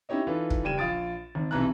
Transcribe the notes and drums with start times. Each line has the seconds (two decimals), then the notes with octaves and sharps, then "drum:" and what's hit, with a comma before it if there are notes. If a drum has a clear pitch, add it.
0.09 C#4 D#4 E4 G4 C#5 D#5
0.27 E3 D#4 F4 A4 B4
0.50 drum: kick
0.64 F#1 G3 G5 G#6 D#7 E7
0.78 A#1 F4 D#6 A6 D7
1.35 G#1
1.51 B1 C3 E3 A#5 F#6